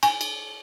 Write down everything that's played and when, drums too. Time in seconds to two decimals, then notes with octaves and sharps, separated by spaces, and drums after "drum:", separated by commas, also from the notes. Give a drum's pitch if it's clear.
0.03 G#5, drum: cymbal
0.21 drum: cymbal